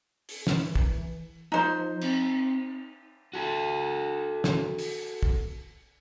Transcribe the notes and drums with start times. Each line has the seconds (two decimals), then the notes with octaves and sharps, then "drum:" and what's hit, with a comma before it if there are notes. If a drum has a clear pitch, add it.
0.29 drum: open hi-hat
0.47 E3, drum: snare
0.76 drum: kick
1.52 F3 D#4 C5
2.01 C4, drum: cymbal
3.34 F#4 A4
4.44 drum: snare
4.78 drum: open hi-hat
5.23 drum: kick